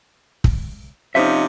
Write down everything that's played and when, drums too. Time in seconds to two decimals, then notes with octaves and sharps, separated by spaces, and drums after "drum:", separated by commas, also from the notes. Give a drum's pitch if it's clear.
0.44 drum: kick
1.15 C3 F3 C#4 D#4 C5 E5